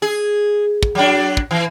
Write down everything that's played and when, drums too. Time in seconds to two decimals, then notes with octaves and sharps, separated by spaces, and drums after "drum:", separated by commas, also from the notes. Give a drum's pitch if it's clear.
0.02 G#4
0.83 drum: kick
0.95 F#3 D4
1.37 drum: kick
1.51 E3